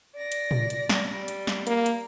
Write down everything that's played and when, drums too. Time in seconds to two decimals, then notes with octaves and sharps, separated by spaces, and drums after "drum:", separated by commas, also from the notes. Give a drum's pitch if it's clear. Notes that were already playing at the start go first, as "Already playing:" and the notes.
0.17 D5 A#6
0.32 drum: hi-hat
0.51 drum: tom A2
0.70 drum: hi-hat
0.89 drum: snare
1.10 G3
1.28 drum: hi-hat
1.47 drum: snare
1.67 A#3, drum: hi-hat
1.86 drum: hi-hat